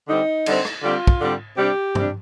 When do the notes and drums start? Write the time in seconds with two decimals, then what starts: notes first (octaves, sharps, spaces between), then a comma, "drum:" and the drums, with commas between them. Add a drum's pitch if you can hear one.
0.08 D3 G3 C4 D#4
0.46 D3 G3 C4, drum: cymbal
0.65 drum: rim click
0.82 D3 G3 C4 F4
1.07 drum: kick
1.21 D3 G3 C4
1.57 C3 G3 D4 G4
1.95 C3 G3 D4, drum: tom G2